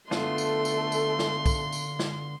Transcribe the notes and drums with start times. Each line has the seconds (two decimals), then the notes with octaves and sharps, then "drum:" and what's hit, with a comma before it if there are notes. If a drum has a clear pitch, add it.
0.11 D3 A3 B3 F4 A4 C6, drum: snare
0.38 drum: tambourine
0.65 drum: tambourine
0.92 drum: tambourine
1.19 drum: snare
1.46 drum: kick, tambourine
1.72 drum: tambourine
1.99 drum: snare